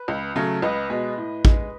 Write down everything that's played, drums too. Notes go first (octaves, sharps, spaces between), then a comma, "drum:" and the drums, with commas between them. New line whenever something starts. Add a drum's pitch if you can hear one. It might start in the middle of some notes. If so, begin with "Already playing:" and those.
Already playing: B4
C#2
C#3 F#3 A3
C#2 B4 D#5
B2 G#3
A2
G#3, drum: kick A1